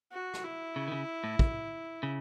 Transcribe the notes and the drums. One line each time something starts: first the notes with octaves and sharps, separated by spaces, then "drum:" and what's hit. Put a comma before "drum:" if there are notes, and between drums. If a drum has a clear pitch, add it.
F#4
drum: rim click
E4
C#3
D#3
C#3
A2
drum: kick
C#3